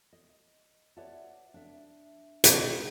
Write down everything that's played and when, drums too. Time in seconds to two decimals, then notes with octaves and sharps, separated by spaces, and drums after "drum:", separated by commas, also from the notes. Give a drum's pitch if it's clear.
0.13 D#5
0.97 B4 C#5 D5 E5 F#5 A5
1.54 D4 E5
2.44 drum: hi-hat